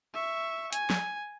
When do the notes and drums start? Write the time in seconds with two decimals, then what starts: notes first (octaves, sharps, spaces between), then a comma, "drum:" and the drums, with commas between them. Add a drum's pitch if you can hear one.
0.14 E5 C#6
0.73 G#5, drum: hi-hat
0.90 drum: snare